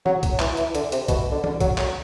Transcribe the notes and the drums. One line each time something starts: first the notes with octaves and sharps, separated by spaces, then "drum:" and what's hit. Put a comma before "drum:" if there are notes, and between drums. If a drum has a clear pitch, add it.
F#3, drum: tom E3
drum: kick B1, hi-hat
E3, drum: clap
E3, drum: hi-hat
D3, drum: hi-hat
C3, drum: hi-hat
B2, drum: kick B1, hi-hat
D3
D3, drum: tom E3
F#3, drum: kick B1, hi-hat
F#3, drum: clap